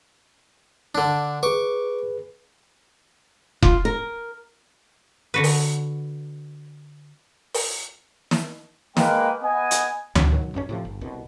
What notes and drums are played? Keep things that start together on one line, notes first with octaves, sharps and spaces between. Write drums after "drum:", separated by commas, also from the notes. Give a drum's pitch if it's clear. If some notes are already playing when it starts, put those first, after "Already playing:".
D3 D4
G#4 B4 C#6 D6
F4, drum: kick F1
A#4
D3 F#4 B4
drum: open hi-hat
drum: open hi-hat
drum: snare
G#3 A#3 A#4 B4 G5, drum: snare
B3 D#5 G#5
drum: hi-hat
A#1 F#3 C#4 D4, drum: tom D2
B2 D#3 F#3
A1 F#2 A#3 C#4
A2 C3 F3
G1
C2 B2